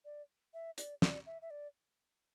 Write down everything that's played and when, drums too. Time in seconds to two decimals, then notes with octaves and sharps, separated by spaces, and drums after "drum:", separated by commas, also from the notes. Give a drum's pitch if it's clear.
0.05 D5
0.54 E5
0.78 D5, drum: hi-hat
1.02 D5, drum: snare
1.26 E5
1.42 E5
1.51 D5